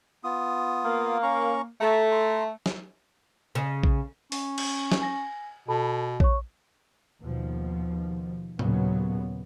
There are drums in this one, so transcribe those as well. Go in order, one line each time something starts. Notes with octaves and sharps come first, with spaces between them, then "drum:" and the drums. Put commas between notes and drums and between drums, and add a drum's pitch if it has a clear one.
B3 F4 D#6
A#3
C#4 A#5 C#6
A3 A#5
A#5 C6
drum: snare
C#3
drum: kick A#1
C#4, drum: open hi-hat
drum: cymbal
drum: snare
G#5 A#6
B2 A4 A5 B5
C#5 C#6, drum: kick A#1
D#2 B2 F3
D#2 A#2 C#3 F#3 B3, drum: tom A2